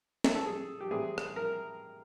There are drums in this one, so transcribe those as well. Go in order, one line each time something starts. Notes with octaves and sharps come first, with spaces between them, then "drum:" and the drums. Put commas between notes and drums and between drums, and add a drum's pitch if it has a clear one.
drum: snare
A4
G#4
G4
A2 E3 G3 C4 G#4
drum: rim click
A#4